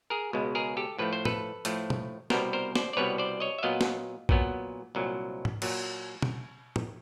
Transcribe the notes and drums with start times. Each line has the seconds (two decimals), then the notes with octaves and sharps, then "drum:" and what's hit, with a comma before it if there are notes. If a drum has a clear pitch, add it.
0.10 G#4 A#4
0.33 C#2 B2 G#3
0.55 G#4 A#4
0.77 G4 A4
0.99 A2 F3 A3 B4
1.13 C5
1.25 A4 B4, drum: tom
1.65 A2 F3 A3, drum: hi-hat
1.90 drum: tom B2
2.30 C2 B2 G3 B3 A#4 C5, drum: snare
2.53 A#4 C5
2.76 C5 D5, drum: snare
2.93 D5
2.97 C2 B2 G3 B3 B4 C#5
3.18 C5 D5
3.40 C#5 D#5
3.59 E5
3.63 A#2 F#3 B3 D#5 F5
3.81 drum: snare
4.29 A#2 F#3 B3, drum: kick B1
4.95 C2 A#2 F#3
5.45 drum: tom G#2
5.62 A#2 F#3, drum: cymbal
6.22 drum: tom B2
6.76 drum: tom